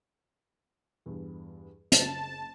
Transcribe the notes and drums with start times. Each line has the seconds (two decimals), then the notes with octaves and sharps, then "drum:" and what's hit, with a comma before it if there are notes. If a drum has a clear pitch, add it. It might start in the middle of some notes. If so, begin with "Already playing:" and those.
1.06 E2 G2
1.92 F#1 A5, drum: hi-hat